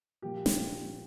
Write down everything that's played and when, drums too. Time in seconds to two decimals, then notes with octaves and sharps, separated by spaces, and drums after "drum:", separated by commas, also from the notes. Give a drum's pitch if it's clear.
0.22 A#2 F3 G4
0.46 drum: snare